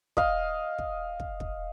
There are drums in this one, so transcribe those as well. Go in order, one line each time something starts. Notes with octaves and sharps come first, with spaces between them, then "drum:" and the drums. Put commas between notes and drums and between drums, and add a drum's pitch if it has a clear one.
D#5 F5, drum: kick
drum: kick
drum: kick
drum: kick